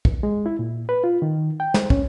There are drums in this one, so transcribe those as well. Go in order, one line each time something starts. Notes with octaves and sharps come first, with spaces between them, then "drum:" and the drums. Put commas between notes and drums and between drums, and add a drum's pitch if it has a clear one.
drum: kick
G#3
E4
A#2
B4
F4
D#3
G5
C5, drum: snare
C#4, drum: kick